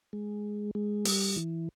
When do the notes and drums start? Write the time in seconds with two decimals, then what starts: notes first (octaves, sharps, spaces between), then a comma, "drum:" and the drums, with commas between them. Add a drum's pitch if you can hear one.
0.13 G#3
0.75 G#3
1.05 G3, drum: open hi-hat
1.36 E3